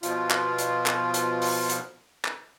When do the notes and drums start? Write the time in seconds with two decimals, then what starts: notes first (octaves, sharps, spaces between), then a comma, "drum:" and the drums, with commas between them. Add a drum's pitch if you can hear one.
0.03 B2 F3 F4, drum: hi-hat
0.31 drum: clap
0.58 drum: hi-hat
0.86 drum: clap
1.14 drum: hi-hat
1.42 drum: open hi-hat
1.69 drum: hi-hat
2.25 drum: clap